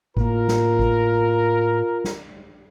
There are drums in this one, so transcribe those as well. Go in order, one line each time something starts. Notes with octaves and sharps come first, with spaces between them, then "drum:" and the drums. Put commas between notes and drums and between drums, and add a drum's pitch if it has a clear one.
A2 A#3 F4 A#4, drum: kick G#1
drum: snare
drum: kick G#1
drum: snare